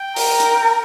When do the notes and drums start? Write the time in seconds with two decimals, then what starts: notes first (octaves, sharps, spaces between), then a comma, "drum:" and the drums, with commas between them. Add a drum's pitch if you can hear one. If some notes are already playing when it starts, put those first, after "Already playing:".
Already playing: G5
0.16 A#4, drum: open hi-hat
0.40 drum: hi-hat